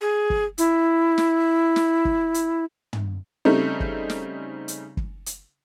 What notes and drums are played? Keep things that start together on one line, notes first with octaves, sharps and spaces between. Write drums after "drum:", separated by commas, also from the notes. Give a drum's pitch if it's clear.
G#4
drum: kick
E4, drum: hi-hat
drum: snare
drum: snare
drum: kick
drum: hi-hat
drum: tom
C#3 G3 A3 C4 D#4
drum: kick
drum: snare
drum: hi-hat
drum: kick
drum: hi-hat